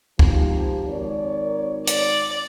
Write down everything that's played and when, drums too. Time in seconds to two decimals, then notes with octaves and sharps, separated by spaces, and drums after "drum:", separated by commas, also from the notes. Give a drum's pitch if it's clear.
0.19 G#1 F3 G4, drum: kick
0.87 G#1 A#4 C#5 D5
1.87 D5, drum: hi-hat